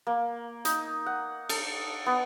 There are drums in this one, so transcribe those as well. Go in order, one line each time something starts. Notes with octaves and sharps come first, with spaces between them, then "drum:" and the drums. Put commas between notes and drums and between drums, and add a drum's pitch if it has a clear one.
A#3
D#4, drum: hi-hat
F#5
A4, drum: cymbal
B3